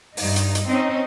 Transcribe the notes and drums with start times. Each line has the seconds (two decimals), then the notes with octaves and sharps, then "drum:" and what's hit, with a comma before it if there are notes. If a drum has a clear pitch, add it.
0.17 G2 D#4, drum: open hi-hat
0.36 drum: hi-hat
0.55 drum: hi-hat
0.68 C4 C#4 D#4 D#5